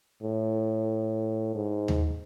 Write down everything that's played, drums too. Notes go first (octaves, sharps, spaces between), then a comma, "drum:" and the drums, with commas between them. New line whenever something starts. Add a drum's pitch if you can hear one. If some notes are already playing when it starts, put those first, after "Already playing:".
A2
G#2
drum: tom D#2